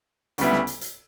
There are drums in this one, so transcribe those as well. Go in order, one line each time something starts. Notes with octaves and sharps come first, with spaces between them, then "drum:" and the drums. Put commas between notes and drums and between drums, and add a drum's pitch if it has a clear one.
D2 C#3 G3 B3 E4, drum: hi-hat
drum: snare
drum: hi-hat
drum: hi-hat